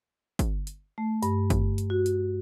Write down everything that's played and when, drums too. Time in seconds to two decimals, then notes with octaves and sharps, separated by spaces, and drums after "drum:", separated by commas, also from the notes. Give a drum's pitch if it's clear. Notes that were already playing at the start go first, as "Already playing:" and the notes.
0.39 drum: kick, hi-hat
0.67 drum: hi-hat
0.98 A3
1.23 G2, drum: hi-hat
1.50 drum: kick, hi-hat
1.78 drum: hi-hat
1.90 F#4
2.06 drum: hi-hat